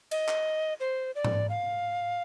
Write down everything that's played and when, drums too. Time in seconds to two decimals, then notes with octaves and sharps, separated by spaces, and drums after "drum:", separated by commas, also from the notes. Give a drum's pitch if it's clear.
0.11 D#5, drum: cymbal
0.28 drum: clap
0.80 C5
1.15 D5
1.25 drum: tom G#2
1.50 F5